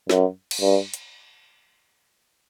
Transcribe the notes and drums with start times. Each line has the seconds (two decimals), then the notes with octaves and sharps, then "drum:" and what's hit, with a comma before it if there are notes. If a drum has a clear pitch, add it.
0.10 F#2, drum: snare
0.51 drum: cymbal
0.61 G2
0.94 drum: hi-hat